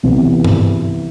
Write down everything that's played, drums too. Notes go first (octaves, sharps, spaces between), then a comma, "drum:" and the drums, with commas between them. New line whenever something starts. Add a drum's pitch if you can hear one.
C2 C3 E3 B3
drum: tom G2